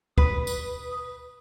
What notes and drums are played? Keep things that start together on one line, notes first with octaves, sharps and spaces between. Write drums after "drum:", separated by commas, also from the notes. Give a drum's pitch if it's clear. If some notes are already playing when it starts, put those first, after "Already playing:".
B4 D#6, drum: kick
drum: tambourine